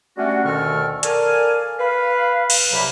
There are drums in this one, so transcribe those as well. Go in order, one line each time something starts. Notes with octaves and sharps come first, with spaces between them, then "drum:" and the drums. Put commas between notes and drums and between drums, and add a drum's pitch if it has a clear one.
G3 A3 C#4 D4 F#4
D2 B2 D#3 A4 C#6 F6
A4 A#4 D5 F5 G#5, drum: hi-hat
B4 F5
drum: cymbal
C2 C3 F#3 A#3 B5